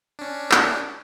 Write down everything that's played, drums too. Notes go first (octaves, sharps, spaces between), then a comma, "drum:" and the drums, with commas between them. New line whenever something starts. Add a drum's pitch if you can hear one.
C#4 D4
drum: clap